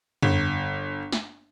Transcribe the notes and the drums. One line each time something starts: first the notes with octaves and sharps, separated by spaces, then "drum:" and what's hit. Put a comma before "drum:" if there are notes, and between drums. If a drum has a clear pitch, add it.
G1, drum: tom
drum: snare